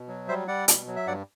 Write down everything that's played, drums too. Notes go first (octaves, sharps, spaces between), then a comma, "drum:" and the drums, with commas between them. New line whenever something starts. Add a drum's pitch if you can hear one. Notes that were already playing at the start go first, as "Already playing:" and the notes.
Already playing: B2
F#3
G3 C5 E5
G3 D5 F#5
B2, drum: hi-hat
F#3
E5
G2 D5 F#5